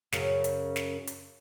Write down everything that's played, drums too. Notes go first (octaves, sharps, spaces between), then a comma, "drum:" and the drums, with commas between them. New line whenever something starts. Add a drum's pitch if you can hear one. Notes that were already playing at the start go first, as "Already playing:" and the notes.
F#2 C#3, drum: snare
drum: hi-hat
drum: snare
drum: hi-hat